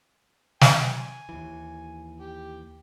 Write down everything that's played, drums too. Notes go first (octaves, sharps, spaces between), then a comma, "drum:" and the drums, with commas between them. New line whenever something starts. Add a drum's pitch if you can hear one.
G#5, drum: snare
D#2 E3
G4